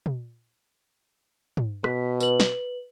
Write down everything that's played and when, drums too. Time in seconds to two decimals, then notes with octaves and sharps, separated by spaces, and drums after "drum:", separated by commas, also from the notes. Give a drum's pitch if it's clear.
0.06 drum: tom
1.57 drum: tom
1.84 B2 B6, drum: rim click
2.20 B4 F#7, drum: tambourine
2.40 drum: snare